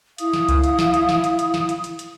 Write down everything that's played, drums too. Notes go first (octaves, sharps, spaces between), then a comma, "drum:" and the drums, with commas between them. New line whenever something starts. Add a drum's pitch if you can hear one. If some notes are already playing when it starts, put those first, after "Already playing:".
E4 F5 D#6, drum: hi-hat
drum: snare
drum: kick C#2, hi-hat
drum: hi-hat
drum: snare
drum: hi-hat
drum: snare
drum: hi-hat
drum: hi-hat
drum: snare
drum: hi-hat
drum: hi-hat
drum: hi-hat